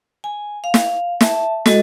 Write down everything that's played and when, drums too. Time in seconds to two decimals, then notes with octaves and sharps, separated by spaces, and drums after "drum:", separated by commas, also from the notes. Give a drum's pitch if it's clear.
0.24 G#5
0.64 F5
0.74 drum: snare
1.21 E5 A5, drum: snare
1.66 G#3 F#4 A4 D#5, drum: snare